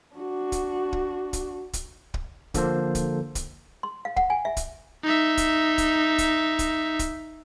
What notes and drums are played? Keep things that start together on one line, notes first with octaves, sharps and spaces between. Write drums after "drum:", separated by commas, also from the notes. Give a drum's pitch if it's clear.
D4 F#4
drum: kick, hi-hat
drum: kick
drum: kick, hi-hat
drum: kick, hi-hat
drum: kick
D3 F3 A#3 A4 C5, drum: kick, hi-hat
drum: kick, hi-hat
drum: kick, hi-hat
C6
F5
F#5, drum: kick
G#5
E5
drum: kick, hi-hat
D#4 E5
drum: kick, hi-hat
drum: kick, hi-hat
drum: kick, hi-hat
drum: kick, hi-hat
drum: kick, hi-hat